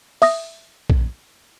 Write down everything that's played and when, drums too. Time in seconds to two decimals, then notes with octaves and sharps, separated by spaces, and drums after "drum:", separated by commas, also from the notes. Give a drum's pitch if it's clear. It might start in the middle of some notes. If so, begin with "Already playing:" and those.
0.22 E5 D#6 A#6, drum: open hi-hat
0.90 drum: kick A#1